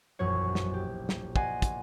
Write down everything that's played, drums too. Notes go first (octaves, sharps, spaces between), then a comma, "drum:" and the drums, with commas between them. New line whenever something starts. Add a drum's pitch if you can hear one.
E1 A#1 F#2 F#3 C#5
drum: snare
G4
drum: snare
D5 D#5 F#5 G#5 C6, drum: kick
drum: kick, hi-hat